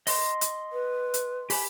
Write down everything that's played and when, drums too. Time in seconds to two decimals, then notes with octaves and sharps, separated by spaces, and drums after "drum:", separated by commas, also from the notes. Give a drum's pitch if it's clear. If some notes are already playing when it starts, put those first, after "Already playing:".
0.07 D#5 C6, drum: open hi-hat
0.41 drum: hi-hat
0.73 B4
1.14 drum: hi-hat
1.50 G4 G#5 B5, drum: open hi-hat